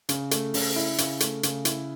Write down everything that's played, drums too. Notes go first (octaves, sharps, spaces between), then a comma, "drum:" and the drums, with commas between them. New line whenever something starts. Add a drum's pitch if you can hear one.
C#3, drum: hi-hat
A3, drum: hi-hat
C#3, drum: open hi-hat
E4
C#3, drum: hi-hat
A3, drum: hi-hat
C#3, drum: hi-hat
E4, drum: hi-hat